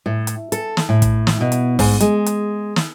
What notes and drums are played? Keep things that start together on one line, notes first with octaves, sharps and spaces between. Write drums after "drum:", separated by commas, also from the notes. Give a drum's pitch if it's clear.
A2
drum: hi-hat
A4, drum: hi-hat
drum: snare
A2
drum: kick, hi-hat
drum: snare
B2
drum: hi-hat
G#2, drum: kick, open hi-hat
G#3, drum: hi-hat
drum: hi-hat
drum: snare